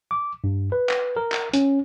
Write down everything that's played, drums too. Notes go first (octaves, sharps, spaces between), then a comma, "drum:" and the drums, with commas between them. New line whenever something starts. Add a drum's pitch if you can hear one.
D6
G2
B4
drum: clap
A#4
drum: clap
C#4, drum: hi-hat